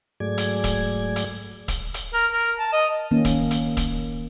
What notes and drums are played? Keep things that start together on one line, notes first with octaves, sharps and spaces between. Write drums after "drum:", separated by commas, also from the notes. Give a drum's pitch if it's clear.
G#2 F#3 A3 G#4 D5 G#6
drum: hi-hat
drum: kick, hi-hat
drum: hi-hat
drum: kick, hi-hat
drum: hi-hat
A#4
A#4
A5
D#5
D#3 A#3 C#4
drum: kick, hi-hat
drum: hi-hat
drum: kick, hi-hat